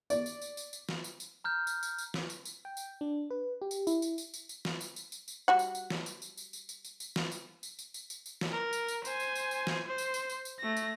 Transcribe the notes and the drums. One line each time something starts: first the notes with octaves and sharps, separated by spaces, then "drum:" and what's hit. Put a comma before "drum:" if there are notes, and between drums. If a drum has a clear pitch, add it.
D5, drum: tambourine
drum: tambourine
drum: tambourine
drum: tambourine
drum: tambourine
drum: snare
drum: tambourine
drum: tambourine
A#5 F6 G6
drum: tambourine
drum: tambourine
drum: tambourine
drum: snare
drum: tambourine
drum: tambourine
G5
drum: tambourine
D4
B4
G4
drum: tambourine
E4, drum: tambourine
drum: tambourine
drum: tambourine
drum: tambourine
drum: tambourine
drum: snare
drum: tambourine
drum: tambourine
drum: tambourine
drum: tambourine
G3 F#4 F#5
drum: tambourine
drum: tambourine
drum: snare
drum: tambourine
drum: tambourine
drum: tambourine
drum: tambourine
drum: tambourine
drum: tambourine
drum: tambourine
drum: snare
drum: tambourine
drum: tambourine
drum: tambourine
drum: tambourine
drum: tambourine
drum: tambourine
drum: snare
A#4
drum: tambourine
drum: tambourine
C5 G#5, drum: tambourine
drum: tambourine
drum: tambourine
drum: tambourine
drum: snare
C5
drum: tambourine
drum: tambourine
drum: tambourine
drum: tambourine
A3 A#6
drum: tambourine